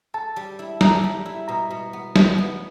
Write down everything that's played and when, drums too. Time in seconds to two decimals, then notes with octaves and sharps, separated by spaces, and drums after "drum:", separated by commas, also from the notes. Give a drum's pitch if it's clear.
0.14 A4 A5
0.36 G3
0.59 E4
0.81 A4 A#5, drum: snare
1.04 G3
1.26 E4
1.48 B2 A#5
1.71 B2
1.93 B3
2.16 B2, drum: snare
2.38 B3